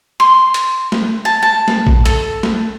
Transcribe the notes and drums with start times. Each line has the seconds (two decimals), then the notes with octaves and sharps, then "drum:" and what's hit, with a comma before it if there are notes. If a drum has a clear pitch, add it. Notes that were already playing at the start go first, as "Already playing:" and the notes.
0.20 C6
0.54 drum: hi-hat
0.92 drum: snare
1.25 A5
1.43 A5
1.68 drum: snare
1.87 drum: kick A1
2.06 A4, drum: hi-hat
2.43 drum: snare